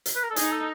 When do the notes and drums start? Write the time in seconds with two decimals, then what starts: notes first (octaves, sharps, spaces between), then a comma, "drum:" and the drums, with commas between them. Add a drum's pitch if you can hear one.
0.06 drum: hi-hat
0.16 B4
0.23 A#4
0.30 A4
0.36 D#4 G#4, drum: hi-hat
0.52 A4